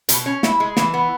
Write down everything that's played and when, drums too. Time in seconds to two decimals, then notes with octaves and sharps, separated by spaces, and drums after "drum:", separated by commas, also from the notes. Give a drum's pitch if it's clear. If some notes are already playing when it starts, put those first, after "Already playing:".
0.09 B2, drum: hi-hat
0.26 C#4
0.43 E4, drum: snare
0.60 G#3
0.77 E3, drum: snare
0.94 B3